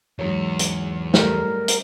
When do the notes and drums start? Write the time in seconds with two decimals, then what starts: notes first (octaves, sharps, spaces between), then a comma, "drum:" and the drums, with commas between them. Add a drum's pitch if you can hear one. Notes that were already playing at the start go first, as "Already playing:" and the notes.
0.19 E2 G#2 F#3 C#5
0.59 drum: hi-hat
1.14 G3 A3 A#4, drum: snare
1.68 drum: hi-hat